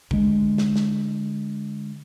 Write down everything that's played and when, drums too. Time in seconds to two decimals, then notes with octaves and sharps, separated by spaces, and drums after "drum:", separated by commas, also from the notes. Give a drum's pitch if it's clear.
0.11 D3 G#3, drum: kick
0.58 drum: snare
0.76 drum: snare